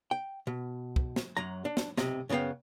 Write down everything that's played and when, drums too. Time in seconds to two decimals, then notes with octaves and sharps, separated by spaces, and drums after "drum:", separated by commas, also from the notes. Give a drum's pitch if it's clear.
0.11 G5
0.47 B2
0.96 drum: kick
1.16 drum: snare
1.37 F#2 F#3 A#5
1.65 D4
1.77 drum: snare
1.97 B1 C3 D#5, drum: snare
2.29 F#2 C#3 B3 F4 F5 G5